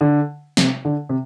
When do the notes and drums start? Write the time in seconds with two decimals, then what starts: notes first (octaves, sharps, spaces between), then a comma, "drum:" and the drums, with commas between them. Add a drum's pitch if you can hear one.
0.01 D3
0.57 C3, drum: snare
0.85 D3
1.09 C3